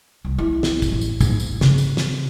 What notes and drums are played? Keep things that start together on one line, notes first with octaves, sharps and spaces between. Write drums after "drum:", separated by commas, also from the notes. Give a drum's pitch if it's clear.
C2
E4
drum: snare
drum: kick, tambourine
A1
drum: tambourine
G#2, drum: kick, tambourine
drum: tambourine
C#3, drum: snare
drum: tambourine
drum: snare